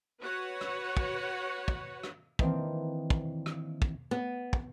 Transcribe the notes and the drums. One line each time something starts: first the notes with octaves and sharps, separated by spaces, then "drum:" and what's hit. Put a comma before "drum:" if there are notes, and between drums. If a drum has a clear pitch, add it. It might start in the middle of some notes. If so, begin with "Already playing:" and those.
F#4 B4 C#5 F#5
drum: rim click
drum: kick
drum: kick
drum: rim click
D#3 E3 A#3 C4 D4, drum: kick
drum: kick
drum: rim click
drum: kick
B3
drum: kick